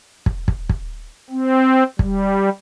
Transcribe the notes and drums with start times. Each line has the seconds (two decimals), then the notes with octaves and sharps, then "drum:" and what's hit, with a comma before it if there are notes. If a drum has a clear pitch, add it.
0.26 drum: kick
0.48 drum: kick
0.69 drum: kick
1.30 C4
1.99 G3, drum: kick